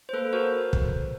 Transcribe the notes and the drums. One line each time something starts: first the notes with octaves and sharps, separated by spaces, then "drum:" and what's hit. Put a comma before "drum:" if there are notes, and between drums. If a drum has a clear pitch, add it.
C5
A#3 A4 B4
F#4 A#4 C5
drum: kick